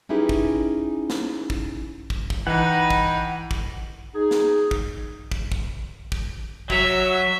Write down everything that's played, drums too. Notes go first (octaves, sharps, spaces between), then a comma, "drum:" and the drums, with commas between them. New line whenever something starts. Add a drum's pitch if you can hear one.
C#4 D#4 E4 G4 G#4 B4
drum: kick
drum: snare
drum: kick
drum: kick
drum: kick
E3 D#4 F#5 G5 B5
drum: kick
drum: kick
D#4 G#4
drum: snare
drum: kick
drum: kick
drum: kick
drum: kick
F#3 E5, drum: kick